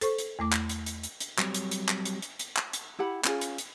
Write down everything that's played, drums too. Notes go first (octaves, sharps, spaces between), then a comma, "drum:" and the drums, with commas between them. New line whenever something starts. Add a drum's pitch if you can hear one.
A4 C5 C#6, drum: hi-hat
drum: hi-hat
E2 A3 D6
drum: clap
drum: hi-hat
drum: hi-hat
drum: hi-hat
drum: hi-hat
F#3 G3 C4 G4 C#5, drum: clap
drum: hi-hat
drum: hi-hat
drum: clap
drum: hi-hat
drum: hi-hat
drum: hi-hat
drum: clap
drum: hi-hat
E4 G4 F#5 B5
C#4 F4 G#4, drum: clap
drum: hi-hat
drum: hi-hat